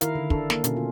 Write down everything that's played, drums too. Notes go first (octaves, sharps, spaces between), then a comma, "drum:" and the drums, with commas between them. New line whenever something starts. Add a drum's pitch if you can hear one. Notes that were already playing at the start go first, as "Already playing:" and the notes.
D#3 E4 A#4 F5, drum: hi-hat
D3
D4 A4, drum: kick
A#3, drum: snare
B2 C#4, drum: hi-hat
F4